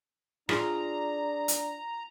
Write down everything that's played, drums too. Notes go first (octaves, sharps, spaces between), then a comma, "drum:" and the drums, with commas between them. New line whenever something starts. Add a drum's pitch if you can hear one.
D4 F4 G#4 D5 A#5, drum: rim click
drum: hi-hat